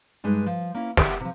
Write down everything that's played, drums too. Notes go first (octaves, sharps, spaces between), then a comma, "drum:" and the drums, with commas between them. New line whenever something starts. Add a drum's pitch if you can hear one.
G2 G#3 D#4 B4
F3
A#3 C#4 E4
G4 A#4 D5 E5 F#5 G5, drum: snare
C3 F3